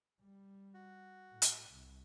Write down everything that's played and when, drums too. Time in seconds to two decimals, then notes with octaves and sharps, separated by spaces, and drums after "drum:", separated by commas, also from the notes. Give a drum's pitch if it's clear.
0.21 G3
0.74 F#4
1.30 A2
1.42 drum: hi-hat
1.70 C2